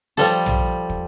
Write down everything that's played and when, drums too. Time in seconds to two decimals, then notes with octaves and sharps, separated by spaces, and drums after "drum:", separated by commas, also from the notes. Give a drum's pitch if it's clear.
0.17 F3 G3 A4
0.46 drum: tom
0.90 drum: kick